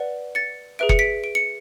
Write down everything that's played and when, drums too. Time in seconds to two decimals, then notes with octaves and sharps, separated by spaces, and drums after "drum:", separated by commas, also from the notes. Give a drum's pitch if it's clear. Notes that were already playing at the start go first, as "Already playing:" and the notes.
Already playing: B4 D5 F#5
0.35 A6 C#7
0.79 G#4 B4 E5 D7
0.89 C#7, drum: kick F#1
0.99 B6 D7
1.24 D7
1.35 C#7